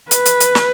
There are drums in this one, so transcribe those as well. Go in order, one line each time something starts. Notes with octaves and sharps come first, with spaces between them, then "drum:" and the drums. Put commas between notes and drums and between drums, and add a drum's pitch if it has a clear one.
B4, drum: hi-hat
drum: hi-hat
drum: hi-hat
drum: snare